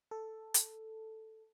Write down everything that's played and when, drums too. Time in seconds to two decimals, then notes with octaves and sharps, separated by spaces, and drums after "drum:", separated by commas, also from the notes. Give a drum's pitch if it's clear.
0.11 A4
0.54 drum: hi-hat